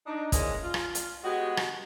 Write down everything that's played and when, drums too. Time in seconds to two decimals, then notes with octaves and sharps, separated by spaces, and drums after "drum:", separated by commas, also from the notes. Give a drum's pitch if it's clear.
0.07 D4 D#4
0.32 E3 G3 G#3 A#3 C#4, drum: kick, hi-hat
0.64 F4
0.74 drum: rim click
0.95 drum: hi-hat
1.24 G#3 B3 C#4 F#4 G4
1.57 drum: rim click